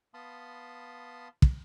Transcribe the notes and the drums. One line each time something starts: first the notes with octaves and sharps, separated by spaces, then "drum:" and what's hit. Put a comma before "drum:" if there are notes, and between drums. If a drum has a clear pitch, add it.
B3 F5 A5 B5 C6 D#6
drum: kick